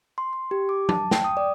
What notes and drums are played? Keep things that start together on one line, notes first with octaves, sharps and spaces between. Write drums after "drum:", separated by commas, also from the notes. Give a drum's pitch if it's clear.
C6
C6
G4
D6
A5, drum: tom F#3
G5, drum: snare
D#6
D5